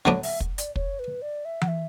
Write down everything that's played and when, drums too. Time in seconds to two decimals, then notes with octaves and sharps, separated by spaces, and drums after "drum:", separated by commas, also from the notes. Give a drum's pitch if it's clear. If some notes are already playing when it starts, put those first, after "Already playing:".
0.05 D3 F#3 B3 D4 C#5
0.23 E5, drum: open hi-hat
0.40 drum: kick
0.58 D5, drum: hi-hat
0.76 C#5, drum: kick
0.99 B4
1.22 D5
1.45 E5
1.61 F#5, drum: tom E3
1.68 E5